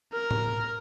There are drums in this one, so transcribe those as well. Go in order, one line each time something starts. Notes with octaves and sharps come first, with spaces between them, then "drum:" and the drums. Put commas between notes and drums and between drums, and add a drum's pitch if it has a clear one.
A#4
drum: tom A2